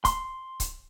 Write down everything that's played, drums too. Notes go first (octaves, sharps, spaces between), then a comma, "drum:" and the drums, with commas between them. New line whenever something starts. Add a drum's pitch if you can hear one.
C6, drum: kick C#1, hi-hat
drum: kick C#1, hi-hat